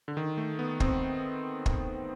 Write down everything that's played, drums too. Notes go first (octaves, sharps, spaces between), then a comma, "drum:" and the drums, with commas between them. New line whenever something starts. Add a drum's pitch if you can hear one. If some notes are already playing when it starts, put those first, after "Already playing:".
D3
D#3
A3
B3
C4, drum: kick
drum: kick